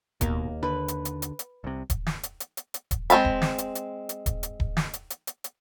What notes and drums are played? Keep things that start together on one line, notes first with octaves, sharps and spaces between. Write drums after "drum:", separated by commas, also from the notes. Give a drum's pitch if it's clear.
D1 D#2 B2 A#3, drum: kick D#1, hi-hat
D3 B4
drum: hi-hat
drum: hi-hat
drum: hi-hat
drum: hi-hat
C2 C3
drum: kick D#1, hi-hat
drum: snare
drum: hi-hat
drum: hi-hat
drum: hi-hat
drum: hi-hat
drum: kick D#1, hi-hat
G#3 C4 F5 A5 B5, drum: hi-hat
drum: kick D#1
drum: snare
drum: hi-hat
drum: hi-hat
drum: hi-hat
drum: kick D#1, hi-hat
drum: hi-hat
drum: kick D#1
drum: snare
drum: hi-hat
drum: hi-hat
drum: hi-hat
drum: hi-hat